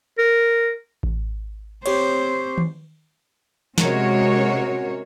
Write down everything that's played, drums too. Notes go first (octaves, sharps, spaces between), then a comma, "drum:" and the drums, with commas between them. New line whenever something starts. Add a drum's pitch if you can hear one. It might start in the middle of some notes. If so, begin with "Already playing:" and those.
A#4
drum: kick A1
C4 G4 C5 C#5, drum: cymbal
drum: tom D#3
C3 G#3 C#4 F#4 A#4 C#5, drum: snare